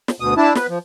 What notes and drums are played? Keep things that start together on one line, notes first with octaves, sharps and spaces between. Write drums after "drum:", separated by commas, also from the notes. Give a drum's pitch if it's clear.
drum: snare
D2 B2 D#6
D4 E4 A5
B3 B4, drum: snare
F3